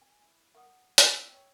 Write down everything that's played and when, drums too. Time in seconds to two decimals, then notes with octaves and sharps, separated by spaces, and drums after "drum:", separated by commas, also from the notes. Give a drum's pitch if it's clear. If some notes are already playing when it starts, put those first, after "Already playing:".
0.01 G#5
0.22 E4
0.55 A#4 F#5 D#6
0.98 drum: hi-hat
1.13 C#4 F4 E6
1.29 D#4 C#5 G5